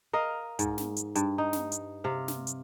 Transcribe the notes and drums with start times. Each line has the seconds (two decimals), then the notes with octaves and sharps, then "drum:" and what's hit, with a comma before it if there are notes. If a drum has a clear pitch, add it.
0.13 A#4 D#5 F5
0.59 G#2, drum: kick, hi-hat
0.78 drum: snare
0.96 drum: hi-hat
1.15 G2, drum: hi-hat
1.38 D#4
1.53 drum: snare
1.72 drum: hi-hat
2.04 C3 F5
2.28 drum: snare
2.47 drum: hi-hat